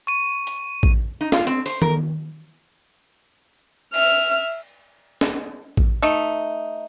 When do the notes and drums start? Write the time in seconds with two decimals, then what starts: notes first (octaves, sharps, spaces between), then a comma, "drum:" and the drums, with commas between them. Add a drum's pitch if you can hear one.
0.07 C#6 D#7
0.47 drum: hi-hat
0.83 drum: kick A1
1.21 D#4
1.32 F4, drum: snare
1.47 C4, drum: hi-hat
1.66 C5, drum: open hi-hat
1.82 A#4, drum: tom D#3
3.94 E5 F6, drum: cymbal
5.21 drum: snare
5.77 drum: kick A1
6.02 A3 D#4